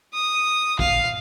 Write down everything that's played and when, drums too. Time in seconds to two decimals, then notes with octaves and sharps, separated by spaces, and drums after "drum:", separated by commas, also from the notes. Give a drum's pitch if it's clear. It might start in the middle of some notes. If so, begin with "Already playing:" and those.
0.14 D#6
0.79 F5, drum: kick